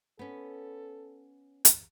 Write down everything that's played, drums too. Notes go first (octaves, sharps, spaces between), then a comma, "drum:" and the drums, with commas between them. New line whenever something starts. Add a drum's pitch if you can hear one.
B3 C#4 A4
drum: hi-hat